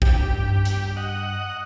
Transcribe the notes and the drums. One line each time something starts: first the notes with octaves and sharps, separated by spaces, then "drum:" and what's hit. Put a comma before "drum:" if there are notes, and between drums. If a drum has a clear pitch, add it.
C4 D4 G4, drum: kick A#1
G2
drum: hi-hat
D#5 F#5